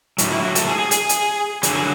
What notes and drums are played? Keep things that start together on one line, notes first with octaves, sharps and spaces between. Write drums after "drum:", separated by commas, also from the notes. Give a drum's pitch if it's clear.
A2 F#3, drum: hi-hat
E4
F#4
A4, drum: hi-hat
G#4
G#4
G#4, drum: hi-hat
drum: hi-hat
D3 F#3 G#4, drum: hi-hat
G#4